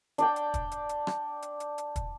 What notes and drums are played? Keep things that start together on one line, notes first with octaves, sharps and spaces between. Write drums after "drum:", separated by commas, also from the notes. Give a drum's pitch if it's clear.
D4 D5 G5, drum: hi-hat
drum: hi-hat
drum: kick, hi-hat
drum: hi-hat
drum: hi-hat
drum: rim click
drum: hi-hat
drum: hi-hat
drum: hi-hat
drum: kick, hi-hat